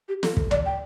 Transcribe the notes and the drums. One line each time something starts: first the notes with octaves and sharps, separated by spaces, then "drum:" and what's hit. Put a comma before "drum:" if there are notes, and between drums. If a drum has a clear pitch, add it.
G4
A4, drum: snare
drum: kick
D5, drum: tom D2
G5